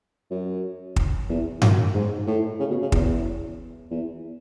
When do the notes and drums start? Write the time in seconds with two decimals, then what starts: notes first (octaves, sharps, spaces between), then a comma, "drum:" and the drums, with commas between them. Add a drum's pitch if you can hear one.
0.31 F#2
0.96 drum: kick
1.29 E2
1.62 F#2, drum: tom G2
1.94 G#2
2.27 A2
2.59 C#3
2.70 B2
2.82 C#3
2.92 E2, drum: kick
3.90 E2